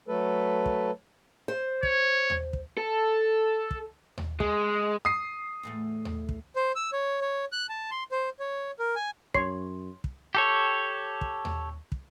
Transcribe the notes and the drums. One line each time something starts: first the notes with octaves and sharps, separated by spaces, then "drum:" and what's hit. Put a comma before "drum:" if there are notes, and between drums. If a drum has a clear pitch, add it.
F#3 A3 A4 B4
drum: kick
C5
C#5, drum: kick
drum: tom D#2
drum: kick
A4
drum: kick
drum: tom D#2
G#3, drum: kick
D#6 C7
E2 A2 A3
drum: tom D#2
drum: kick
C5
E6
C#5
C#5
F#6
A5
C6
C5
C#5
A#4
G#5
F#2 C#5 C6 C7, drum: kick
drum: kick
G4 A4 C#5
drum: kick
drum: tom D#2
drum: kick